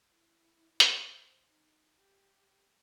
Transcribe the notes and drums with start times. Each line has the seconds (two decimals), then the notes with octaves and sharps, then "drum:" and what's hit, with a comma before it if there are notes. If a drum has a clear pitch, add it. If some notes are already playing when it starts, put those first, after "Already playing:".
0.14 E4
0.80 drum: hi-hat
0.96 C5
1.48 D#4
1.99 G4